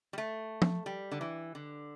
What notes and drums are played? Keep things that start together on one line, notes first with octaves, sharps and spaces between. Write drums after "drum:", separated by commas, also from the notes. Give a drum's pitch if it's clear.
G3
A3
drum: tom
G3
D3
E3
D3